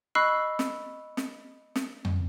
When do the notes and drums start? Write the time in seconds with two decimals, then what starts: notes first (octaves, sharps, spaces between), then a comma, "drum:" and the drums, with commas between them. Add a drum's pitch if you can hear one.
0.15 D#5 B5 C#6 E6 F#6 C7
0.59 drum: snare
1.17 drum: snare
1.76 drum: snare
2.05 drum: tom F2